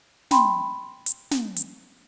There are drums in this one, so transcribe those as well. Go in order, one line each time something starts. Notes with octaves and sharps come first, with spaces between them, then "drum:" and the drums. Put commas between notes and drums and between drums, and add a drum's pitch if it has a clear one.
G5 B5 C6, drum: snare
drum: hi-hat
drum: snare
drum: hi-hat